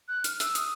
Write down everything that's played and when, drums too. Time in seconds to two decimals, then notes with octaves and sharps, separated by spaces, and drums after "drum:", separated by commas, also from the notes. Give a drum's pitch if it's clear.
0.08 F#6
0.24 F6, drum: hi-hat
0.40 E6, drum: hi-hat
0.55 D#6, drum: hi-hat